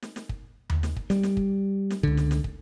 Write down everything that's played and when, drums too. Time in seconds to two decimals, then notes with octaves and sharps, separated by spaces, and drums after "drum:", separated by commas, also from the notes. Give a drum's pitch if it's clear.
0.02 drum: snare
0.16 drum: snare
0.29 drum: kick
0.70 drum: tom D#2
0.83 drum: snare
0.96 drum: kick
1.10 G3, drum: snare
1.23 drum: snare
1.37 drum: kick
1.90 drum: snare
2.03 C#2 D3, drum: kick
2.17 drum: snare
2.31 drum: snare
2.44 drum: kick